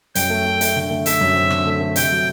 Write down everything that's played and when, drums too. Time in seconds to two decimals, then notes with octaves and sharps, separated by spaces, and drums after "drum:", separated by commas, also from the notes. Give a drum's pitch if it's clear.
0.15 F#2 G5, drum: hi-hat
0.30 A3
0.46 A3
0.61 A3, drum: hi-hat
0.76 D3
0.91 A3
1.06 A3 E5, drum: hi-hat
1.21 F#2
1.35 C4
1.50 D3, drum: rim click
1.67 A3
1.81 A3
1.96 C3 G5, drum: hi-hat
2.11 F#3